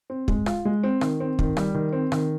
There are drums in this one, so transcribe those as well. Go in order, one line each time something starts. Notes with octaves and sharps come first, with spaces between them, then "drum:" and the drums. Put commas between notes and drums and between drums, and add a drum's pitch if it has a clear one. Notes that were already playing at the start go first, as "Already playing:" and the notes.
C4
G#3, drum: kick
F4, drum: rim click
G#3
C4
D#3, drum: rim click
C4
D#3, drum: kick
G3, drum: rim click
D#3
C4
D#3, drum: rim click